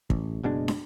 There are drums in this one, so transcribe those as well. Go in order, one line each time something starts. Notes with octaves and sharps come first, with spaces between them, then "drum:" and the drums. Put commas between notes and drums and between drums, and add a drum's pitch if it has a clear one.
A1, drum: kick
F#1 B2 G#3 D4
drum: snare